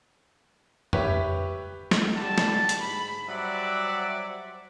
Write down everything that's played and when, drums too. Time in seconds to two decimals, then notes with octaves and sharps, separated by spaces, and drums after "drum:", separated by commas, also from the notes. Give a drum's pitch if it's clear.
0.93 G4 B4 C#5 E5, drum: tom F2
1.91 drum: snare
2.15 D3 G3 A5
2.38 drum: snare
2.69 drum: hi-hat
2.81 G#2 B5
3.28 F#3 G3 C5 D5 E5 F#5